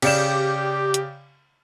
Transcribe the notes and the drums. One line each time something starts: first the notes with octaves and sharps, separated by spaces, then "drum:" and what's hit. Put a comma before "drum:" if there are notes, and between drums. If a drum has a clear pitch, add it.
C#3 G4 D5 E7, drum: cymbal
drum: hi-hat